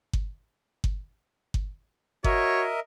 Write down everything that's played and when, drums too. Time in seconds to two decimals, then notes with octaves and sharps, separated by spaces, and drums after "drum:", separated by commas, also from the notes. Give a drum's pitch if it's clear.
0.13 drum: kick G1
0.84 drum: kick G1
1.54 drum: kick G1
2.24 F#4 A#4 C#5 D#5 E5, drum: kick G1